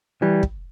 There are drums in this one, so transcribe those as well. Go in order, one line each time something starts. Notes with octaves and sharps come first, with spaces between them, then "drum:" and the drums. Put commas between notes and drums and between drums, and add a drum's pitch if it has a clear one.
E3 G3
drum: kick